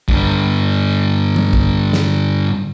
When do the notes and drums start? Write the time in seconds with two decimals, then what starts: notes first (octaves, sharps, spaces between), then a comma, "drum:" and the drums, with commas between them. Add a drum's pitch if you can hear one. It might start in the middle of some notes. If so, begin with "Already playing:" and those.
0.09 G2 D3, drum: kick
1.36 drum: tom
1.53 drum: kick
1.93 drum: snare